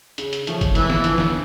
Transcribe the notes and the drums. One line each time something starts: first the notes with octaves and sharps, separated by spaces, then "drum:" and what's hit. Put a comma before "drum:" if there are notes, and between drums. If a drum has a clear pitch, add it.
C#3, drum: hi-hat
drum: hi-hat
F3 A3 C#4, drum: hi-hat
drum: kick F#1, hi-hat
F2 E3, drum: hi-hat
drum: snare
D3 F3, drum: hi-hat
drum: snare